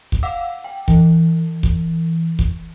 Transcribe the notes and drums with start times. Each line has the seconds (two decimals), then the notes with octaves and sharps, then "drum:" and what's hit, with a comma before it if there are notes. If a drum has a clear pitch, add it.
0.12 drum: kick
0.23 F5 F#5 D6 E6
0.64 G5
0.88 E3, drum: kick
1.63 drum: kick
2.39 drum: kick